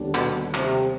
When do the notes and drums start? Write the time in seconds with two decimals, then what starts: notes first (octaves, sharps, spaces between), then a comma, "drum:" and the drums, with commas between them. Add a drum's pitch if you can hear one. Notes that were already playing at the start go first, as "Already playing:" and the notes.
Already playing: D#2 D3 G3 B3 D4
0.15 B2, drum: clap
0.54 C3, drum: clap